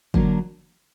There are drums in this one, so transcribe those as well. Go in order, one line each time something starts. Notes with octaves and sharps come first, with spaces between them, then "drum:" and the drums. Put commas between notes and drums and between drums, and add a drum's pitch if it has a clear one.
D3 F#3 A#3 D4, drum: kick